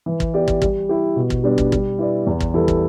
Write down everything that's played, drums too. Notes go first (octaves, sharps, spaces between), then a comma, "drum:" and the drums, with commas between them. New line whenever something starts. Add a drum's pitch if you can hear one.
E3
drum: kick
B3 G4 D5
drum: kick
G3, drum: kick
E4 G4
B2
drum: kick
G3 B3 D4
drum: kick
G3, drum: kick
E4 B4 D5
E2
drum: kick
E3 G3 E4 A4
drum: kick